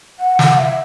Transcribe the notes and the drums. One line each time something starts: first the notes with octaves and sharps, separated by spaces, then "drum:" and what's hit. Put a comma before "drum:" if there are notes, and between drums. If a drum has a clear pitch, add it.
F#5
F#5, drum: snare
E5